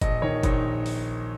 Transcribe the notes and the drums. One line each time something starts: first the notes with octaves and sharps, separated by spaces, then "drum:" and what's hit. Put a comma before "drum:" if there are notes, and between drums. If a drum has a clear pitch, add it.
A#1 D#5, drum: kick F#1, hi-hat
D#3 C#5
A#1 D#4, drum: kick F#1, hi-hat
drum: open hi-hat